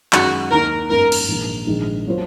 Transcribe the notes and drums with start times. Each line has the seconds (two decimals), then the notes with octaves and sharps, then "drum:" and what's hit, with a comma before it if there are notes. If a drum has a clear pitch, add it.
0.13 F#2 D#3 G#3 F#4, drum: clap
0.51 D#2 D#3 A#3 D#4 A#4
0.89 G#1 F#2 D#3 A#3 A#4
1.12 drum: cymbal
1.28 A#1 G#2 D#3 A#3
1.67 A#1 G#2 D#3 G#3
2.07 F#3 A#3 F4 C5